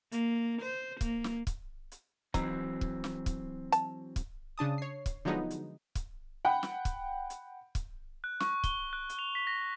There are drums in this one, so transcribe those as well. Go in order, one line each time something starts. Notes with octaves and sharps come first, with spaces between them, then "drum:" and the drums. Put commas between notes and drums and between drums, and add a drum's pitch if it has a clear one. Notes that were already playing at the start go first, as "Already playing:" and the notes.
A#3, drum: hi-hat
C5
A#3, drum: kick, hi-hat
drum: snare
drum: kick, hi-hat
drum: hi-hat
E3 F#3 C4 D#4, drum: kick, hi-hat
drum: kick
drum: snare
drum: kick, hi-hat
A5, drum: hi-hat
drum: kick, hi-hat
C#3 D4 A5 D#6
C#5 C7
drum: kick, hi-hat
D3 F3 F#3 G#3 B3 D#4
drum: hi-hat
drum: kick, hi-hat
F#5 G5 B5
drum: snare
drum: kick, hi-hat
drum: hi-hat
drum: kick, hi-hat
F#6
C#6, drum: snare
G7, drum: kick, hi-hat
F#6
drum: hi-hat
F7
B6
A#6